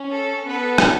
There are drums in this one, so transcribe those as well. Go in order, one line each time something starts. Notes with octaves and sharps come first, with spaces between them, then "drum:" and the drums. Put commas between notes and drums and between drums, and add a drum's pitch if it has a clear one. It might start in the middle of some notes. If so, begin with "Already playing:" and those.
Already playing: C#4
A4
B3 A4 B4
drum: rim click